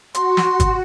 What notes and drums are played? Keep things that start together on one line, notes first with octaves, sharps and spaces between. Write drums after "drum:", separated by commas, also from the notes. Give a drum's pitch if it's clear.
F#4 C6, drum: hi-hat
drum: snare
drum: kick, hi-hat